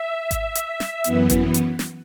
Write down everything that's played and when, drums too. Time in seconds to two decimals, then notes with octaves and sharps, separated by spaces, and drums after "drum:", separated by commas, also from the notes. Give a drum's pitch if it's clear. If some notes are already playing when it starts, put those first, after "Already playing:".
Already playing: E5
0.31 drum: kick G#1, hi-hat
0.55 drum: hi-hat
0.80 drum: snare
1.04 F#2 E3 B3, drum: hi-hat
1.30 drum: kick G#1, hi-hat
1.54 drum: hi-hat
1.79 drum: snare